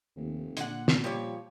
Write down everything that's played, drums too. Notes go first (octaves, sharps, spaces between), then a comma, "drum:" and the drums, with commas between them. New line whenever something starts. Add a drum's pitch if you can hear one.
F1 D#2
A#2 D3 F#5, drum: hi-hat
drum: snare
F3 G3 G4 C#5